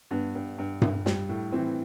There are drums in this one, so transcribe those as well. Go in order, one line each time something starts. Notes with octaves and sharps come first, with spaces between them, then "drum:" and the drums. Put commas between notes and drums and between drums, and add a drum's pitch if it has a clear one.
G2 B3
G2
G2
G2, drum: tom G2
G3, drum: snare
A2
E3 C4